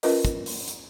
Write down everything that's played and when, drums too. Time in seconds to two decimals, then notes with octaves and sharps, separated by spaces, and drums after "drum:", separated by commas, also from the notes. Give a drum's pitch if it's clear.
0.03 C#4 F4 A#4 B4 D#5, drum: open hi-hat
0.25 drum: kick, hi-hat
0.46 drum: open hi-hat
0.68 drum: hi-hat